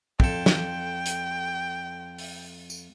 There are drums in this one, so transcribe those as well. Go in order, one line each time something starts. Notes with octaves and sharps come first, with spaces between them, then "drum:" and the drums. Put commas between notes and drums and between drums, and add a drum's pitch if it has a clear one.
F2 A4 G5, drum: kick
drum: snare
drum: hi-hat
drum: open hi-hat
drum: tambourine